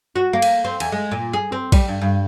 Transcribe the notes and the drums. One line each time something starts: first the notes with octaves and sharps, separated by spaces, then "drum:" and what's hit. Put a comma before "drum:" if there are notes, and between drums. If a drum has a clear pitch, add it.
F#4
A#3
drum: cymbal
C4
E2, drum: cymbal
G#3
A#2
G#4
C4
G3, drum: kick, cymbal
G2
G2